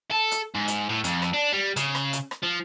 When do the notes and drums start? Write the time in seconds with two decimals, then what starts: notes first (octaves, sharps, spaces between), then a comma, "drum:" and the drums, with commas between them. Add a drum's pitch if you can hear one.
0.11 A4
0.31 drum: hi-hat
0.54 G#2
0.68 drum: hi-hat
0.89 A2
1.04 F2, drum: hi-hat
1.22 drum: rim click
1.33 D4
1.52 G3
1.76 C#3, drum: hi-hat
1.95 drum: rim click
2.13 drum: hi-hat
2.31 drum: rim click
2.43 F3